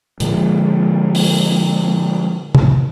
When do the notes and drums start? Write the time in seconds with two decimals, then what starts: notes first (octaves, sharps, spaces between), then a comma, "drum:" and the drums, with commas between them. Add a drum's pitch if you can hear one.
0.20 A#2 D3 F3 G#3, drum: hi-hat
1.15 drum: open hi-hat
2.55 drum: tom C3